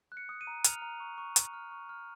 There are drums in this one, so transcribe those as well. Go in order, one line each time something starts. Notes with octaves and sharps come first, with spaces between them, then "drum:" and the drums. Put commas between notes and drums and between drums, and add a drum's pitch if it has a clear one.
F#6
C#7
D#6
D#7
A#5
F6 F7, drum: hi-hat
A#5
C#6
C#6
C#6, drum: hi-hat
F6
C#6
F6